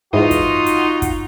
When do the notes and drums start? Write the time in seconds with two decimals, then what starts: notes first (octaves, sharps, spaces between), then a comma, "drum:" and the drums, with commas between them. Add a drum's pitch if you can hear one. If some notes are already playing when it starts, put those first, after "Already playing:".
0.13 G#2 E3 D#4 F4 F#4 D#5 C6 D#6
0.31 drum: kick F#1, hi-hat
0.66 drum: hi-hat
1.02 drum: kick F#1, hi-hat